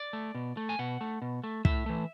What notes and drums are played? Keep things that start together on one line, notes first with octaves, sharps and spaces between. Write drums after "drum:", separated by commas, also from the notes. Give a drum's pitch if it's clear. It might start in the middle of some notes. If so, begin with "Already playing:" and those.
Already playing: D5
A3
B2
A3
G#5
B2 F#5
A3
B2
A3
A2 E5, drum: kick
E3 A3